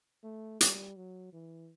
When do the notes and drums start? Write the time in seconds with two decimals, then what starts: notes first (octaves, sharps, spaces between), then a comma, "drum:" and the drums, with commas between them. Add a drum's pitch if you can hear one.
0.24 A3
0.61 G3, drum: hi-hat
0.96 F#3
1.33 E3